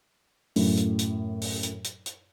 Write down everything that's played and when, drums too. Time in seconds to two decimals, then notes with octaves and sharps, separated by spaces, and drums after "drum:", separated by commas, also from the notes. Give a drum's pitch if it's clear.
0.56 F#2 A2, drum: open hi-hat
0.77 drum: hi-hat
0.99 drum: hi-hat
1.42 drum: open hi-hat
1.63 drum: hi-hat
1.84 drum: hi-hat
2.06 drum: hi-hat